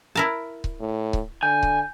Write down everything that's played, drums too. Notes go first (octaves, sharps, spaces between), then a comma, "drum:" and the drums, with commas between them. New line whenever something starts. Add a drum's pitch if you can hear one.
E4 A#4 A5
drum: kick C#1
A2
drum: kick C#1
D3 G#5 G6
drum: kick C#1